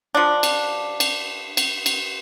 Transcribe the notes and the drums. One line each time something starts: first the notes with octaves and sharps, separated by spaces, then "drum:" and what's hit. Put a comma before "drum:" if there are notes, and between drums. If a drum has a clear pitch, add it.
F3 D4
drum: cymbal
drum: cymbal
drum: cymbal
drum: cymbal